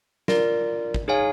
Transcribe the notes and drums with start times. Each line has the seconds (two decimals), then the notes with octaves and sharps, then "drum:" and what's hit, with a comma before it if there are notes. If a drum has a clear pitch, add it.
0.28 F4 A#4 D5, drum: snare
0.94 drum: kick
1.08 D#4 G#4 C#5 F5 G#5